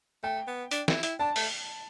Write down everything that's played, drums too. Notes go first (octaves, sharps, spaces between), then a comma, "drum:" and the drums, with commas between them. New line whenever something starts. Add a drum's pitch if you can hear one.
A3 G5
B3
D4, drum: hi-hat
E4, drum: snare
E4, drum: hi-hat
D4 A5
A3, drum: open hi-hat